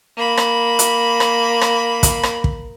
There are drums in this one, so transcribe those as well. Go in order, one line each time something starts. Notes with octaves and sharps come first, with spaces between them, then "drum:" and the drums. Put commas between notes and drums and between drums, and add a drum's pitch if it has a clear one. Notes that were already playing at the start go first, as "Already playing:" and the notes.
A#3 B5
drum: rim click
drum: hi-hat
drum: rim click
drum: rim click
drum: kick, hi-hat
drum: rim click
drum: kick